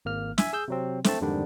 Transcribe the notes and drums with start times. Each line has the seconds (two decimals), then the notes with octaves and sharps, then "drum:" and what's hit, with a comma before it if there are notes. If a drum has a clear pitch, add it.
0.05 G#1 A#3 F6
0.38 E5 G#5, drum: snare
0.53 G#4 E6 G6
0.68 C3 F#3 C4
1.04 A3 C4 A5, drum: snare
1.21 F2 G#2 D3 D#3 G3 D4